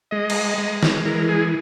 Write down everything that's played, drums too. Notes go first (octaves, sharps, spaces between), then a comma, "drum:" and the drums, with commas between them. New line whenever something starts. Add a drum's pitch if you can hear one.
G#3 D#5
drum: cymbal
G#3
drum: snare
E3 A#4
G#4